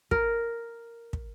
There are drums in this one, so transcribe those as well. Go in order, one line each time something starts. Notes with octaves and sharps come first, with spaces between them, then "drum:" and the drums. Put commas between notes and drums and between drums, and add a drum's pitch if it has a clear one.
A#4, drum: kick
drum: kick